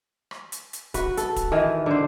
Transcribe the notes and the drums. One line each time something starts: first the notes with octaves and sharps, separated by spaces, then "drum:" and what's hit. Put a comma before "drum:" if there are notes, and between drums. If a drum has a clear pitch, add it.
drum: rim click
drum: hi-hat
drum: hi-hat
F#4 B4, drum: kick, hi-hat
A4, drum: hi-hat
drum: kick, hi-hat
D#3 E3
D3 C5